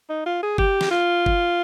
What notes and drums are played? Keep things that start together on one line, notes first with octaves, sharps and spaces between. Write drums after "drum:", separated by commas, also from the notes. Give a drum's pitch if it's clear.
D#4
F4
G#4
G4, drum: kick F#1
drum: snare
F4
drum: kick F#1